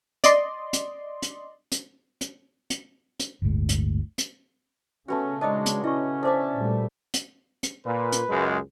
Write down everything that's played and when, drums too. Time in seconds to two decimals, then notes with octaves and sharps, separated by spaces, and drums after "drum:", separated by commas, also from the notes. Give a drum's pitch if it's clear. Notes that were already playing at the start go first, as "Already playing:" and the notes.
0.24 D5 D#5 C6, drum: hi-hat
0.73 drum: hi-hat
1.22 drum: hi-hat
1.72 drum: hi-hat
2.21 drum: hi-hat
2.70 drum: hi-hat
3.20 drum: hi-hat
3.42 G1 D2 A2 G#3
3.69 drum: hi-hat
4.18 drum: hi-hat
5.08 C#3 A3 B3 C#4 F#4
5.41 G#3 D4 D#4 A#4 C#5 D#5 D#6
5.66 drum: hi-hat
5.84 C#4 E4 D#5 C#6
6.23 D4 A4 C5 E5 A5 D6
6.57 A#2 G3 A3
7.14 drum: hi-hat
7.63 drum: hi-hat
7.86 A#2 B4
8.12 drum: hi-hat
8.29 C#2 F#2 G#3